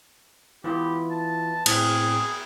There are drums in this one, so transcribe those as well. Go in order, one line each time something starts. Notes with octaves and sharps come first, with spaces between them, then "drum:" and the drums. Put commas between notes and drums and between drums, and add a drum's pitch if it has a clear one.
E3 B3 E4 F4 G4
A5
A2 C4 G#4, drum: cymbal